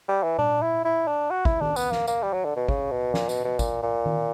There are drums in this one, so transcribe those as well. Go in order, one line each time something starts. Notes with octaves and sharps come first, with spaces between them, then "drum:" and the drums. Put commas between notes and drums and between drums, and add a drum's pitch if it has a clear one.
G3
E3
D4, drum: tom A#2
E4
E4
D4
F#4
E4, drum: kick
D4, drum: tom D#3
B3, drum: tambourine
A#3, drum: snare
A#3, drum: tambourine
G3
F#3
D3
B2
C#3, drum: kick
B2
A#2, drum: snare
B2, drum: tambourine
B2
A#2, drum: kick, tambourine
A#2
drum: tom D#3